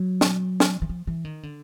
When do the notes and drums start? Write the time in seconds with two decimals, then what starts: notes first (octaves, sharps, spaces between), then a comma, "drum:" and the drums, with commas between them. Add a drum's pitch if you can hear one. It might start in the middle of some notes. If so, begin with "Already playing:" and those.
Already playing: F#3
0.21 drum: snare
0.60 drum: snare
0.82 E3
0.89 F3
1.07 E3
1.25 D#3
1.43 D3